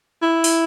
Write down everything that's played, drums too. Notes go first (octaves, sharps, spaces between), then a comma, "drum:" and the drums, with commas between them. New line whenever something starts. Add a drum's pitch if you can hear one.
E4
drum: open hi-hat